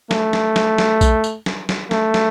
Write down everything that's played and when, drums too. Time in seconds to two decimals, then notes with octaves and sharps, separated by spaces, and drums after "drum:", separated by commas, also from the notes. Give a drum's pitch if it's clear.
0.11 A3, drum: snare
0.33 drum: snare
0.56 drum: snare
0.78 drum: snare
1.01 drum: kick A#1, tambourine
1.24 drum: tambourine
1.46 drum: snare
1.69 drum: snare
1.91 A3, drum: snare
2.14 drum: snare